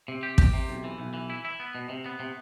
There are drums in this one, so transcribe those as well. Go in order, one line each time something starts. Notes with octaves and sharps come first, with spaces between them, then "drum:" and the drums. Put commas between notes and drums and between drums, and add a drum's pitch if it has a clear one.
C3
G4
G4, drum: kick
C3
B1
E3
B1
E3
E4
E4
B3
B2
C3
B3
C3